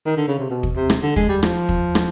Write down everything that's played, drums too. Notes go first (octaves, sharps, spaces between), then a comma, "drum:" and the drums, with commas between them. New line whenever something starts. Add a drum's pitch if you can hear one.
D#3
D3
C#3
C3
B2
drum: kick
C3
drum: rim click
D3
G#3, drum: kick
G3
F3, drum: rim click
drum: kick
drum: rim click